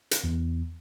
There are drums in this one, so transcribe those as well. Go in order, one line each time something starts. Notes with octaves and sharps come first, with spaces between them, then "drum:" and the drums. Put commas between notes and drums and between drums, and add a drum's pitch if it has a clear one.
drum: hi-hat
E2